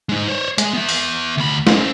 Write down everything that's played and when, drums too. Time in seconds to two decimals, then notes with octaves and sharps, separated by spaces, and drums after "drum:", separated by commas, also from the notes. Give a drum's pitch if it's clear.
0.09 G#3 D#4
0.28 C5 C#5
0.58 G#3, drum: hi-hat
0.73 B3 E5
0.89 drum: open hi-hat
1.37 D2 B5
1.67 C#4 C5, drum: snare